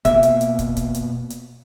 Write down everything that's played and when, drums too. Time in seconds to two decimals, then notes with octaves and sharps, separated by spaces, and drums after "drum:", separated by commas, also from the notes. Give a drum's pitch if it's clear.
0.05 B2 A#3 E5, drum: kick, hi-hat
0.23 drum: hi-hat
0.41 drum: hi-hat
0.59 drum: kick, hi-hat
0.77 drum: kick, hi-hat
0.94 drum: hi-hat
1.30 drum: hi-hat